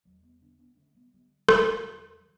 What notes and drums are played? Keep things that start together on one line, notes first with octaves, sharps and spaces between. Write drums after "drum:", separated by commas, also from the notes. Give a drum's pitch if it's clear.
E2 F#3 A3
G3 B3
D3 B3 D4
B3 D4
D3 A3 C#4
G3 B3
D3 G3 B3
E2 A3 C#4, drum: rim click
E2 D3 F#3
E3 G3